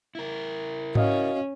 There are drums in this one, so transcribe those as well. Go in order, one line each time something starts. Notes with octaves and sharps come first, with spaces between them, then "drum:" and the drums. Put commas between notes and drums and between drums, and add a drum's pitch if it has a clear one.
E4 A#4
C#4 F#4 D#5 F5, drum: tom G#2